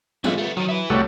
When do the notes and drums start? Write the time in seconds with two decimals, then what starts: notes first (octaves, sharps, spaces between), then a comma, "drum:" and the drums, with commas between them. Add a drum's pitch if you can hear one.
0.24 E3 G#3 A3 F4, drum: tom
0.38 A3 B3
0.57 D#3 F3 F#3
0.69 E4 B4
0.90 C2 G3 A3 F#4 C#5